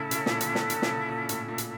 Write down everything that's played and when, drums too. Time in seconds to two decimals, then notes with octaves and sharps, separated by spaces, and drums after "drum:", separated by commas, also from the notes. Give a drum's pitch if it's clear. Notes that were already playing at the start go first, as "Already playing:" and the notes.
Already playing: A2 C#3 C#4 E4 A4
0.11 C#3, drum: hi-hat
0.26 A#2, drum: snare
0.41 D3, drum: hi-hat
0.55 D3, drum: snare
0.70 D3, drum: hi-hat
0.82 A#2, drum: snare
0.89 C#3
1.09 A#2
1.29 A2, drum: hi-hat
1.48 A#2
1.58 drum: hi-hat